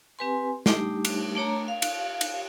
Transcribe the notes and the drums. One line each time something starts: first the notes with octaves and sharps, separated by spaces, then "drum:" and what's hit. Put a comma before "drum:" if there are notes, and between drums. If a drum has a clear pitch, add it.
C4 G4 B4 G#5 C6
G3 A3 D4 D#4 G4, drum: snare
drum: cymbal
A3 D4 C#5 A#5
F5
drum: cymbal
drum: cymbal